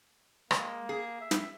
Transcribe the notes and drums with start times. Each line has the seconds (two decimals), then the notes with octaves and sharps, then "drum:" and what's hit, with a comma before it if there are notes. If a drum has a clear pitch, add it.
0.51 G#3 A#3, drum: rim click
0.89 G#4
1.20 E5
1.31 drum: snare